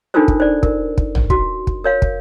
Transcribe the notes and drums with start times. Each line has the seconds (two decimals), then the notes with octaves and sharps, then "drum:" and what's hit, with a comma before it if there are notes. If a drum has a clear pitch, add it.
0.14 D4 D#4 F4 A4 A#4 C5
0.28 drum: kick
0.40 C5 D5
0.63 A#4, drum: kick
0.98 drum: kick
1.15 drum: tom
1.30 F#4, drum: kick
1.67 drum: kick
1.84 A#4 C#5 F5
2.02 drum: kick